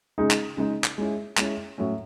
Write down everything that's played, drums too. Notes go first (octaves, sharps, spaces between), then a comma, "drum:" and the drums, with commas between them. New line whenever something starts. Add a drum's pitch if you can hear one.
C#3 G#3 D#4 G#4
drum: clap
C#3 G#3 D#4 G#4
drum: clap
G#3 C#4 E4
G#3 C#4 E4, drum: clap
A2 F#3 C#4